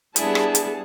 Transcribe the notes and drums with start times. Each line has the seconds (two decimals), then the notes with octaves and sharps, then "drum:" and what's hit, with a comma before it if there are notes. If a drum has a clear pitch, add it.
0.16 G3 B3 D4 E4 G#4 A5, drum: hi-hat
0.35 drum: rim click
0.55 drum: hi-hat